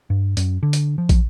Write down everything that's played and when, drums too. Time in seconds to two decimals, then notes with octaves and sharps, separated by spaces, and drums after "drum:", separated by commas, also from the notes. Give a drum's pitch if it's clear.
0.10 G2
0.37 F#2, drum: hi-hat
0.63 D3
0.73 drum: hi-hat
0.98 F3
1.09 drum: kick, hi-hat